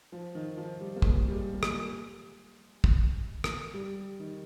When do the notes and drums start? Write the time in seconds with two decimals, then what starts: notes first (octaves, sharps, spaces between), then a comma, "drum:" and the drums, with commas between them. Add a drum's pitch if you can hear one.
0.12 F3
0.35 D#3
0.57 F3
0.81 G3
0.96 A#3
1.02 G#3, drum: kick
1.28 G3
1.33 G#3
1.54 A#3
1.63 G#3, drum: rim click
2.84 drum: kick
3.44 drum: rim click
3.74 G3
4.20 D#3